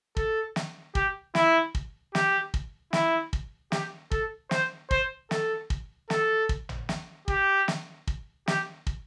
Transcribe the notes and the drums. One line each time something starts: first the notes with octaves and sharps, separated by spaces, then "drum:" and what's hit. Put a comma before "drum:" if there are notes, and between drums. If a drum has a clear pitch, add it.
A4, drum: kick
drum: snare
G4, drum: kick
E4, drum: snare
drum: kick
G4, drum: snare
drum: kick
E4, drum: snare
drum: kick
G4, drum: snare
A4, drum: kick
C5, drum: snare
C5, drum: kick
A4, drum: snare
drum: kick
A4, drum: snare
drum: kick
drum: tom
drum: snare
G4, drum: kick
drum: snare
drum: kick
G4, drum: snare
drum: kick